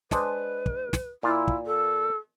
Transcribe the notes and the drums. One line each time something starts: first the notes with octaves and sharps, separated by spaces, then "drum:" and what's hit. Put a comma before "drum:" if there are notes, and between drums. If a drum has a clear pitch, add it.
G#3 D4 B4 C5, drum: snare
drum: kick
drum: snare
A#2 E4 F4
drum: kick
A4